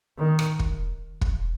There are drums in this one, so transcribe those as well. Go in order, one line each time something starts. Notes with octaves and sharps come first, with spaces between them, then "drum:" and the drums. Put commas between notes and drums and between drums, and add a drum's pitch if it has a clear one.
D#3
drum: rim click
drum: kick
drum: kick